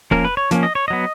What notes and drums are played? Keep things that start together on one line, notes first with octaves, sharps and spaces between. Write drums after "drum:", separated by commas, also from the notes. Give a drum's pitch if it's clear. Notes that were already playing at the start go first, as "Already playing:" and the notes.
F3 A#3 C#4 A#4, drum: kick
B4
C#5
F3 A#3 C#4, drum: snare
D#5
C#5
F#3 B3 D#5